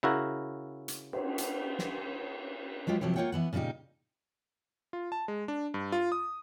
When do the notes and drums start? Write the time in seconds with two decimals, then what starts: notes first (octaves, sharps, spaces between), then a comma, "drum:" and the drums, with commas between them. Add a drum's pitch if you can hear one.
0.03 C#3 E4 F#4 A#4
0.88 drum: hi-hat
1.13 drum: cymbal
1.38 drum: hi-hat
1.79 drum: snare
2.87 F#3 G#3 F4 G4
3.01 C3 F3 F#3 E4 G4
3.16 A#3 F4 C#5 F#5 G5
3.32 E3 B3 F#5
3.53 A#2 C#3 G3 D#4 G4
4.93 F4
5.12 A5
5.28 G#3
5.48 D4
5.74 G2
5.92 F4
6.12 D#6